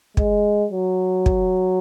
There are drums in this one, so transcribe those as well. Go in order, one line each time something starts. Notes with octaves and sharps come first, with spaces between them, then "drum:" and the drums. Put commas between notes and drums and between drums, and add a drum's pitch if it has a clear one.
G#3, drum: kick
F#3
drum: kick